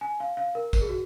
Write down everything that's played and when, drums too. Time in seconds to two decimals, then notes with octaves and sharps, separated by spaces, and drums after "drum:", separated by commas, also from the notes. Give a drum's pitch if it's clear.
0.01 G#5
0.20 F5
0.37 F5
0.55 A#4
0.73 A#4, drum: kick, tambourine
0.81 G#4
0.89 F#4